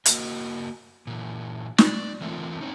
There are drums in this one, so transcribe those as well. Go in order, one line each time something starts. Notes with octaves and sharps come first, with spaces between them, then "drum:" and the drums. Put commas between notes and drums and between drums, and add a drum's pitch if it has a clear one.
A#3 F#4 A#4 D#5, drum: hi-hat
A#2 E3
D5, drum: snare
E3 A3 C4 F4 A#4
C4 C#4 D#4